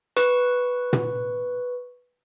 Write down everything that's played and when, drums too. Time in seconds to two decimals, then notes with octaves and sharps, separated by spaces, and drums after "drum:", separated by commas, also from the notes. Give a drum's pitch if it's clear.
0.17 B4 C#6, drum: hi-hat
0.93 drum: tom